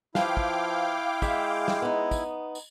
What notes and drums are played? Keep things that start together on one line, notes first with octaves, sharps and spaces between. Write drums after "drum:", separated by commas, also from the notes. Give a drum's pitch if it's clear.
F3 E4 B4 F5 G5 D6, drum: snare
drum: kick
G#3 G#4 E5, drum: kick, tambourine
drum: snare
B3 D#4
drum: kick, tambourine
drum: tambourine